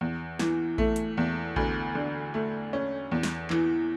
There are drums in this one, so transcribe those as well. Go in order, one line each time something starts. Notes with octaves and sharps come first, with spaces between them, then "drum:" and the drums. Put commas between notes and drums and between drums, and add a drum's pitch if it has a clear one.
E2
E3, drum: snare
A3, drum: kick A#1
drum: hi-hat
E2
D2, drum: kick A#1
D3
A3
C#4
E2
drum: snare
E3, drum: clap